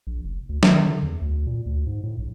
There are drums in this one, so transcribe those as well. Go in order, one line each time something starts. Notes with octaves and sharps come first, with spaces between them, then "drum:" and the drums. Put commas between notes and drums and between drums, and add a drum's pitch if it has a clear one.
A#1
F1
D2
D#3, drum: snare
D3
E2
D2
A#2
D2
G#2
A2
A#1